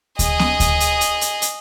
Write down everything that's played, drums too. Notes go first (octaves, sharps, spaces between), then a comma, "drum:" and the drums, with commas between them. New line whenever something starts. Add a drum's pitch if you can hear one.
G#4 D#5, drum: kick D2, hi-hat
drum: snare B3
drum: kick D2, hi-hat
drum: hi-hat
drum: hi-hat
drum: hi-hat
drum: hi-hat